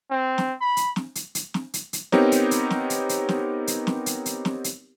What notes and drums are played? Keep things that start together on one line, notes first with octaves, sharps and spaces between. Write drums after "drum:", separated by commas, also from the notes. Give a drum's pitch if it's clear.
C4
drum: snare
B5
drum: hi-hat
drum: snare
drum: hi-hat
drum: hi-hat
drum: snare
drum: hi-hat
drum: hi-hat
B3 C4 D#4 G4 A#4 C#5, drum: snare
drum: hi-hat
drum: hi-hat
drum: snare
drum: hi-hat
drum: hi-hat
drum: snare
drum: hi-hat
drum: snare
drum: hi-hat
drum: hi-hat
drum: snare
drum: hi-hat